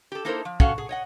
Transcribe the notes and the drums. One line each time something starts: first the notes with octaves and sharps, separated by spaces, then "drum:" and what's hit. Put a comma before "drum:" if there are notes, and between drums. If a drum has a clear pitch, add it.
G4 A4
A#3 D#4 E4 A4 A#4 C5
F3
C#4 F#4 A4 F5 F#5, drum: kick
G#4
C#5 D#5 F#5